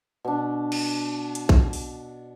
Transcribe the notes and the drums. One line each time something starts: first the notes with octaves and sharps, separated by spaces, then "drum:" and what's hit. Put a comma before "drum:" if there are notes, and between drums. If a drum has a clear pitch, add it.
B2 D4
drum: cymbal
drum: hi-hat
drum: kick A#1
drum: open hi-hat